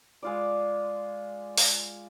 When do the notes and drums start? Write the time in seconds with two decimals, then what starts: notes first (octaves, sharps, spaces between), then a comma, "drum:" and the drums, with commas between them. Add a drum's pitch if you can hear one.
0.22 G#3 F4 D5
1.58 drum: open hi-hat